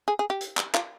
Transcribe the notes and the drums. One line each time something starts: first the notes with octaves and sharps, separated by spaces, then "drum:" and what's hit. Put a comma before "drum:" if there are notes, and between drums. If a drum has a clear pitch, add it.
G#4
G#4
G4
drum: hi-hat
drum: clap
F4, drum: clap